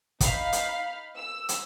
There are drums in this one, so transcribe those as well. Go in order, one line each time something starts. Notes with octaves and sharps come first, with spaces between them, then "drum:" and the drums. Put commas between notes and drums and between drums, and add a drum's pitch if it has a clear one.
D#4 F5 B5, drum: kick, hi-hat
drum: hi-hat
E6
drum: hi-hat